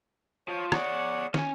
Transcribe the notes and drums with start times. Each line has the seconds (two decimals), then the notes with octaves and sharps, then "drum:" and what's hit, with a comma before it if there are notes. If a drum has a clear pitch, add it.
0.48 F3 C#5
0.72 G#4 C#5 D5 F#5, drum: rim click
1.34 C#4 G#5, drum: snare